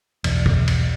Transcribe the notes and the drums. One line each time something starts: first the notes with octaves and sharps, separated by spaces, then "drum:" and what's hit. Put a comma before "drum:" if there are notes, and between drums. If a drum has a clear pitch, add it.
B1 E2, drum: cymbal
drum: kick
drum: cymbal